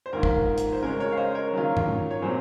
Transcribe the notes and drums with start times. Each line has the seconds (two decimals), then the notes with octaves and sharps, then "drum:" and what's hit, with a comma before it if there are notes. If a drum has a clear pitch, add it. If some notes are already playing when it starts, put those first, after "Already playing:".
0.06 C5
0.13 G#2 D#3 A#3 F4 A#4
0.23 drum: kick
0.58 drum: hi-hat
0.73 C5
0.82 C#3 G#3 C#4 A#4
1.00 A#4 C#5
1.12 F5
1.17 C5 D#5
1.34 A#4 C#5
1.53 D#3 F#3 A#3 C#4 F4
1.77 drum: tom G2
2.11 C#5
2.22 A#2 F#3 C4 G#4 C5